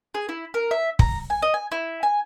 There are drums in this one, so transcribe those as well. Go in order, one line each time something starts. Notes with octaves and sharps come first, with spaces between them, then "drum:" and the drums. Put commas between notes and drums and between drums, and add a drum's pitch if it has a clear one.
G#4
E4
A#4
E5
A#5, drum: kick
G#5
D#5
G#5
E4
G#5